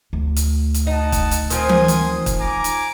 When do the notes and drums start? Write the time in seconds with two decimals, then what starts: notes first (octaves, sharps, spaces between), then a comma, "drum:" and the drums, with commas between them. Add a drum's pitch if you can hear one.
0.13 D2
0.36 drum: hi-hat
0.74 drum: hi-hat
0.87 D#4 D#5 F#5 A5
1.12 drum: kick, hi-hat
1.31 drum: hi-hat
1.50 D#3 F3 C4 G#5 C6 D#6, drum: hi-hat
1.69 drum: tom E3
1.88 drum: hi-hat
2.26 drum: kick, hi-hat
2.39 G#5 A#5 D6
2.64 drum: hi-hat